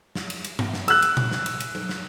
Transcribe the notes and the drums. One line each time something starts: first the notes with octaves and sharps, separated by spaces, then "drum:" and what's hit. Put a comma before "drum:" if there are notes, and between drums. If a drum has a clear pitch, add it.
drum: snare
drum: cymbal
drum: cymbal
drum: tom G2
drum: snare
E6 F#6, drum: cymbal
drum: cymbal
drum: tom A#2
drum: snare
drum: cymbal
drum: cymbal
drum: tom F#3
drum: snare